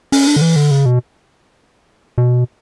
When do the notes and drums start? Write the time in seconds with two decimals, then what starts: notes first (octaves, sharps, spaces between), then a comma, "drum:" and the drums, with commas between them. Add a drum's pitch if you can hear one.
0.12 C#4, drum: open hi-hat
0.27 D4
0.36 D3
0.41 E3
0.56 D3
0.71 C#3
0.86 B2
2.18 B2